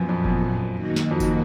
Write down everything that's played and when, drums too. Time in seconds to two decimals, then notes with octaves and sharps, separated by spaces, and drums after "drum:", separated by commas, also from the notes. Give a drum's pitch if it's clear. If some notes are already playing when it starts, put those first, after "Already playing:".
Already playing: F#2 A#2 F3 B3
0.09 F2
0.25 F#2, drum: kick G1
0.73 D#3 A#3 D#4 F#4
0.96 drum: snare
1.11 F2
1.20 drum: kick G1, tambourine